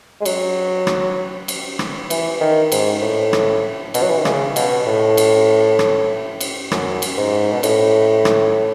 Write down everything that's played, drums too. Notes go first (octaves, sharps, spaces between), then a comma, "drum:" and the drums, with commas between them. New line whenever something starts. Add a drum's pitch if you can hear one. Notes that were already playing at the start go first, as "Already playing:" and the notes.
G#3
F#3, drum: cymbal
drum: rim click
drum: cymbal
drum: rim click
E3, drum: cymbal
D#3
G#2, drum: cymbal
A2
drum: rim click
B2, drum: cymbal
F#3
E3
D#3
C#3, drum: rim click
B2, drum: cymbal
A2
drum: cymbal
drum: rim click
drum: cymbal
F#2, drum: rim click
drum: cymbal
G#2
B2
A2, drum: cymbal
drum: rim click